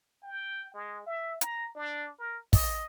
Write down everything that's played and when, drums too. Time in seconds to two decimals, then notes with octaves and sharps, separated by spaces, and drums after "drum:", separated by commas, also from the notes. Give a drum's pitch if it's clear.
0.23 G5
0.74 G#3
1.06 E5
1.41 A#5, drum: hi-hat
1.75 D4
2.19 A#4
2.53 D#5, drum: kick, open hi-hat